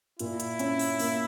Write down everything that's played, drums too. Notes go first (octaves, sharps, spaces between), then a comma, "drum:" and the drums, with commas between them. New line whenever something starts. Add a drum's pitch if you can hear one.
A#2 E4, drum: hi-hat
drum: hi-hat
C#4, drum: hi-hat
drum: open hi-hat
A#3, drum: open hi-hat